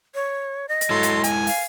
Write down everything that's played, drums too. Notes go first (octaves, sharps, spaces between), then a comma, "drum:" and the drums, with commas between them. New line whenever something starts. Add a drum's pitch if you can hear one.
C#5
D#5
drum: hi-hat
F#3 G#3 E4 A4 C#5 C6
drum: hi-hat
G#5, drum: hi-hat
F5, drum: open hi-hat